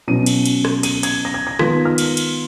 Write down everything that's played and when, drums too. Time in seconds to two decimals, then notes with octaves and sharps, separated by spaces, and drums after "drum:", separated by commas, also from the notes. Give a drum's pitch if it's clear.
0.07 B2 F#3 C#4 D#7
0.26 drum: cymbal
0.46 drum: cymbal
0.65 drum: rim click
0.83 D#7, drum: cymbal
1.03 G#6, drum: cymbal
1.25 A#6
1.34 G#6
1.47 A#6
1.59 D#3 G#3 B3 F4 B6, drum: rim click
1.85 F6
1.98 drum: cymbal
2.17 drum: cymbal